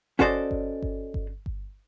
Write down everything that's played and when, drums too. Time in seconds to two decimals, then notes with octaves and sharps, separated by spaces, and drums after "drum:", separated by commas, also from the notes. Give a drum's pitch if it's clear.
0.19 C#4 F#4 A4 C5 D5 D#5, drum: kick G1
0.51 drum: kick G1
0.82 drum: kick G1
1.14 drum: kick G1
1.46 drum: kick G1